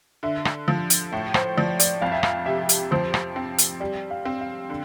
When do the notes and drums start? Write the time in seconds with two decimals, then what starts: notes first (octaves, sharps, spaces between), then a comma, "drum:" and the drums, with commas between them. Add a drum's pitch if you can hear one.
0.23 D3 E5
0.45 drum: rim click
0.68 F3 F5
0.90 drum: hi-hat
1.12 A2 E5
1.34 C5, drum: rim click
1.57 F3 D5
1.80 D5, drum: hi-hat
2.02 F2 F5
2.12 E5
2.23 F5, drum: rim click
2.46 C3 E5
2.69 drum: hi-hat
2.91 F3 C5
3.14 drum: rim click
3.36 C4
3.58 drum: hi-hat
3.80 G3 D5
4.11 F5
4.25 C4
4.41 F5
4.70 D3